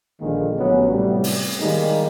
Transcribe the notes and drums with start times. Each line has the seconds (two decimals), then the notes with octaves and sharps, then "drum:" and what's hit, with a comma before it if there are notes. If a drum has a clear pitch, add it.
0.21 A#1 D3 D#3 G#3 A#3
0.59 A1 F#3 B3 C#4
0.91 A2 C3 G3
1.24 drum: open hi-hat
1.60 D#3 G3 G#3 A#3 D#4